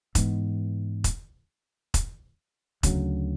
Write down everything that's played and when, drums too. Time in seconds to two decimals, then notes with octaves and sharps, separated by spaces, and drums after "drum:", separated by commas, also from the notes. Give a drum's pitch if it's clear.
0.15 G#2 E3 G#3 B3, drum: kick E1, hi-hat
1.04 drum: kick E1, hi-hat
1.94 drum: kick E1, hi-hat
2.83 D2 C#3 F#3, drum: kick E1, hi-hat